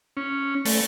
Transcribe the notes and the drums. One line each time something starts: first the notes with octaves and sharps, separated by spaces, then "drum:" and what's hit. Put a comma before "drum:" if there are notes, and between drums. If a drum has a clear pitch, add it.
C#4
A3, drum: open hi-hat